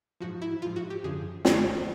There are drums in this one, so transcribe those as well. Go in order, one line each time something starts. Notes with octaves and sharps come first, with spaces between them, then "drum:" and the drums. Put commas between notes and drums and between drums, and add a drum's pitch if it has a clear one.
G#2 F3 F#4
E4
G#2 F3 F4
F#4
G4
F#2 D3 F3 G#4
F#2 D3 F3, drum: snare